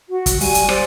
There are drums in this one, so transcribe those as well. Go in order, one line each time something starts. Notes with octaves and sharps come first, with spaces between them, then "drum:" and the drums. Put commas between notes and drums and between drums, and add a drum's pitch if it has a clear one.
F#4
drum: kick, hi-hat
G3 G#5, drum: open hi-hat
drum: hi-hat
C5 D5, drum: rim click